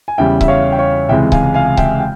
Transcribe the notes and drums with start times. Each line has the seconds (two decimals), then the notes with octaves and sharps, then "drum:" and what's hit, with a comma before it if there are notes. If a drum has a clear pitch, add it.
0.08 G#5
0.18 E2 C#3 G3 E5 G5
0.41 E5, drum: kick C#1
0.48 C#5 F5
0.72 G5
0.78 C#5 F5
1.09 C#2 C3 E3 G#3 E5 G5
1.32 F5 G#5, drum: kick C#1
1.54 F5 G#5
1.77 E5 G5, drum: kick C#1
2.00 G5